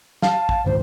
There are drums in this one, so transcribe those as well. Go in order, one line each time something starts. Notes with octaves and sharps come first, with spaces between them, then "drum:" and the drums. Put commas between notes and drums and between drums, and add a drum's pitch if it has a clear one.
F5 A5, drum: snare
drum: kick
C#2 G#2 D#3 C5